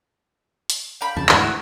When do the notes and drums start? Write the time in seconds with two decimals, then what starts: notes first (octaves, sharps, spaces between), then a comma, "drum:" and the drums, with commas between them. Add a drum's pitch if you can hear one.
0.70 drum: hi-hat
1.01 F5 G5 B5
1.17 F2 C#3 A5
1.29 D2 G#2 E3 F#4 E5 D#6, drum: clap